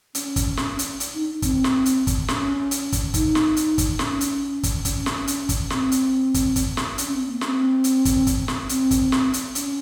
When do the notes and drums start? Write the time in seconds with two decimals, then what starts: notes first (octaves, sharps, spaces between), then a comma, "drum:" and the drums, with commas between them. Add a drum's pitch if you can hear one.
0.15 C#4, drum: hi-hat
0.36 drum: kick, hi-hat
0.57 drum: snare
0.79 drum: hi-hat
1.00 drum: hi-hat
1.14 D#4
1.42 C4, drum: kick, hi-hat
1.64 drum: snare
1.86 drum: hi-hat
2.07 drum: kick, hi-hat
2.28 C#4, drum: snare
2.71 drum: hi-hat
2.92 drum: kick, hi-hat
3.14 D#4, drum: kick, hi-hat
3.35 drum: snare
3.57 drum: hi-hat
3.78 drum: kick, hi-hat
3.99 C#4, drum: snare
4.21 drum: hi-hat
4.63 drum: kick, hi-hat
4.85 C#4, drum: kick, hi-hat
5.06 drum: snare
5.28 drum: hi-hat
5.49 drum: kick, hi-hat
5.70 C4, drum: snare
5.92 drum: hi-hat
6.34 drum: kick, hi-hat
6.56 drum: kick, hi-hat
6.77 drum: snare
6.98 C#4, drum: hi-hat
7.13 C4
7.27 A#3
7.41 C#4, drum: snare
7.46 C4
7.84 drum: hi-hat
8.05 drum: kick, hi-hat
8.27 drum: kick, hi-hat
8.48 drum: snare
8.69 C4, drum: hi-hat
8.91 drum: kick, hi-hat
9.12 drum: snare
9.34 drum: hi-hat
9.55 C#4, drum: hi-hat